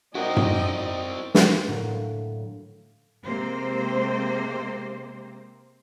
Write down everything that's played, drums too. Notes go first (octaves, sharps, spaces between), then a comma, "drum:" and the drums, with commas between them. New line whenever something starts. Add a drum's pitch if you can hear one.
C4 D#4 E4 F#4 A#4 D#5 G5
drum: tom F#2
drum: snare
A2 D3 F#3 A#3
C3 G#3 A#3 C4 C5